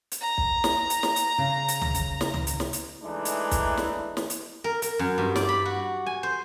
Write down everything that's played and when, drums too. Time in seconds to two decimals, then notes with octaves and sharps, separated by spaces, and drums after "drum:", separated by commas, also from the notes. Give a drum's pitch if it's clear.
0.12 drum: hi-hat
0.21 A#5
0.38 drum: kick
0.64 drum: snare
0.90 drum: hi-hat
1.03 drum: snare
1.16 drum: hi-hat
1.38 C#3
1.68 drum: hi-hat
1.81 drum: tom
1.94 drum: kick, hi-hat
2.21 drum: snare
2.34 drum: tom
2.47 drum: hi-hat
2.60 drum: snare
2.73 drum: hi-hat
3.03 E3 G#3 A3 D4 D#4
3.25 drum: hi-hat
3.51 drum: kick, hi-hat
3.77 drum: snare
4.17 drum: snare
4.30 drum: hi-hat
4.64 A#4
4.82 A#4, drum: hi-hat
4.99 F#2
5.18 G2
5.36 D5, drum: snare
5.49 B5
5.65 F#4
6.06 G#5
6.23 C5